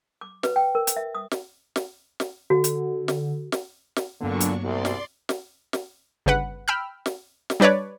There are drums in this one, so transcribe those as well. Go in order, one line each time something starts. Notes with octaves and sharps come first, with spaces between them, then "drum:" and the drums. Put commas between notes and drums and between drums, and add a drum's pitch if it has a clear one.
D6
B4, drum: snare
G5
A#4
drum: hi-hat
E5
D#6
drum: snare
drum: snare
drum: snare
D3 F#4
drum: hi-hat
drum: snare
drum: snare
drum: snare
G2 A#2 D3 F#3 A#3 B3 D4 C#6
drum: hi-hat
C2 D5 C6
drum: snare
drum: snare
drum: snare
G1 C#3 B4 F#5
G5 B5 E6 F6
drum: snare
drum: snare
G3 D4 B4 C#5 D5